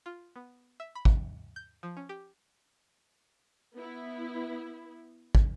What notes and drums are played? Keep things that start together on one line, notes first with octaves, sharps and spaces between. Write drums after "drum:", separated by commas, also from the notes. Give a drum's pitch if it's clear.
F4
B3
E5
B5
drum: kick
G6
F3
C#4
G4
B3 E4
drum: kick